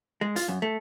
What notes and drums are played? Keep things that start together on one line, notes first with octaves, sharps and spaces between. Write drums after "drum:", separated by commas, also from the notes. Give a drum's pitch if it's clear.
G#3
F4, drum: hi-hat
F#2
A3